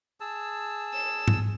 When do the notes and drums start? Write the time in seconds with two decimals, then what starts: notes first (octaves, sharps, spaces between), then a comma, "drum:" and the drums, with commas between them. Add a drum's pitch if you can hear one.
0.20 G#4 A5 E6
0.93 E7
1.28 drum: tom G#2